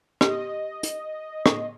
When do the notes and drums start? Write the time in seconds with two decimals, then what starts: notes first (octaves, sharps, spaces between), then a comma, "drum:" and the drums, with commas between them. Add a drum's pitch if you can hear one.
0.21 G4 D#5, drum: rim click
0.83 drum: hi-hat
1.46 drum: rim click